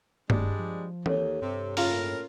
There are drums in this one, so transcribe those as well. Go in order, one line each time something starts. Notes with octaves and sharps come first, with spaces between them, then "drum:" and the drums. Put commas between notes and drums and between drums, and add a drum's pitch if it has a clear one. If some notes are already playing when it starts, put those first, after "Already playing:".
D1 G3 G#3 D4, drum: tom G2
F3
D#2 A4 C#5, drum: tom E3
G2 C3
A2 C#3 A#3 F4 A#4, drum: open hi-hat